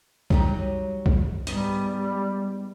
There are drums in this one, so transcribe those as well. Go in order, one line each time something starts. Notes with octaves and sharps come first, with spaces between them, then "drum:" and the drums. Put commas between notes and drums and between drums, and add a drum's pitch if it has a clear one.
F#3 G3 D#4, drum: kick
drum: kick
G#2 G3 B3 D#5, drum: hi-hat